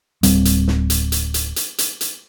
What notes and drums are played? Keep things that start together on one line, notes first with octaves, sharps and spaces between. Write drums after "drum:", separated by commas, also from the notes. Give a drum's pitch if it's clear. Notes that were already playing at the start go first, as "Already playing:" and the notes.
D1 G3 C4, drum: hi-hat
drum: hi-hat
drum: snare
drum: hi-hat
drum: hi-hat
drum: hi-hat
drum: hi-hat
drum: hi-hat
drum: hi-hat